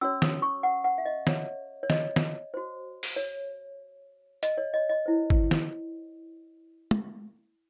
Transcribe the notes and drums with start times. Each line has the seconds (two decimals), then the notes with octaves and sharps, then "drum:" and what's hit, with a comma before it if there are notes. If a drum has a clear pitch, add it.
0.01 C#4 F#4 C#5 E6
0.22 D#6, drum: snare
0.42 C#6
0.63 F#5
0.84 F#5
0.98 E5
1.05 D#5
1.27 C#5, drum: snare
1.83 C#5
1.90 D#5, drum: snare
2.16 drum: snare
2.54 F#4 C5
3.03 drum: open hi-hat
3.16 C#5
4.43 D#5, drum: hi-hat
4.58 C#5
4.74 D#5
4.89 D#5
5.06 E4 C5
5.30 drum: kick G#1
5.51 drum: snare
6.91 drum: tom